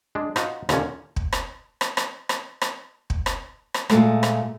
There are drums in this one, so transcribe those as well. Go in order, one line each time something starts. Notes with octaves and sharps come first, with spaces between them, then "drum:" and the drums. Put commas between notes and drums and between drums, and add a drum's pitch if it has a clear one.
G#3 D4
D#4 F4 F#4, drum: rim click
D#2 A#2 D3 C#4, drum: rim click
drum: kick
drum: rim click
drum: rim click
drum: rim click
drum: rim click
drum: rim click
drum: kick
drum: rim click
drum: rim click
A#2 E3 G#3 A3, drum: rim click
drum: rim click